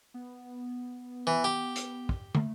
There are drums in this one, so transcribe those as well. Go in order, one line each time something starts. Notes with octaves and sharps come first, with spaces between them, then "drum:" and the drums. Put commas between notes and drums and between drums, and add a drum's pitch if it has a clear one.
B3
E3
G4
drum: hi-hat
drum: kick
A3, drum: tom